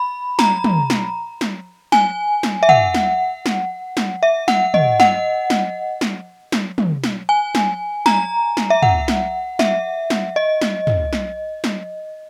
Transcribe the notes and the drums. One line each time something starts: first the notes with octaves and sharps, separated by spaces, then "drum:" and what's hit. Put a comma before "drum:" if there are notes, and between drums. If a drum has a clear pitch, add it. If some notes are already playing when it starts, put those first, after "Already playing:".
Already playing: B5
A#5, drum: snare
drum: tom
drum: snare
drum: snare
G#5, drum: snare
drum: snare
E5
F#5, drum: tom
drum: snare
drum: snare
drum: snare
E5
F#5, drum: snare
D#5, drum: tom
F#5, drum: snare
drum: snare
drum: snare
drum: snare
drum: tom
drum: snare
G#5
drum: snare
A#5, drum: snare
drum: snare
E5
F#5, drum: tom
drum: snare
E5, drum: snare
drum: snare
D#5
drum: snare
drum: tom
drum: snare
drum: snare